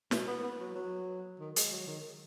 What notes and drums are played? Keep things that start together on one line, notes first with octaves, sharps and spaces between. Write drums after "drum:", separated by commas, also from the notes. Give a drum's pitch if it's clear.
B2, drum: snare
B3
B3
F#3
F#3
D#3
G#3, drum: hi-hat
F#3
D#3